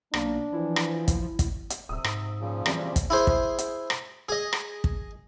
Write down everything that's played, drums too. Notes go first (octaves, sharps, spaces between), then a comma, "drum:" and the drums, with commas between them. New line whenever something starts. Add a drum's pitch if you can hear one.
B1 A#3 D4, drum: rim click
E3 F3 E4
drum: rim click
drum: kick, hi-hat
drum: kick, hi-hat
drum: hi-hat
D1 C3 D#6 E6
G#2, drum: rim click
A#2 C#3 F3
E3 G3 C4, drum: rim click
drum: kick, hi-hat
E4 G#4 C5
drum: kick
drum: hi-hat
drum: rim click
G#4 D#5
drum: rim click
drum: kick